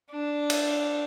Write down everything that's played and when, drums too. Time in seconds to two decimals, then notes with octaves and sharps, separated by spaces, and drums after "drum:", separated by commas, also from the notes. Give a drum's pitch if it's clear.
0.11 D4
0.50 drum: cymbal